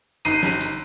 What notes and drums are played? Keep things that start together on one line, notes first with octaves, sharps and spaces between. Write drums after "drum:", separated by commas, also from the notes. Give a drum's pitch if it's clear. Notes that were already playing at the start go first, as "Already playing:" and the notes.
G1 D#4 C7 D#7, drum: tambourine
drum: snare
drum: tambourine